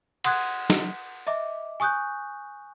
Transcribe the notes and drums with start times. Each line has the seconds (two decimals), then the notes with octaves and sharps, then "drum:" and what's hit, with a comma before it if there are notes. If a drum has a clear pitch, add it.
0.24 F#5 C6 D#6 F#6 G#6, drum: cymbal
0.70 drum: snare
1.27 D#5 E5 D6
1.80 G#5 C#6 D#6 F#6 G6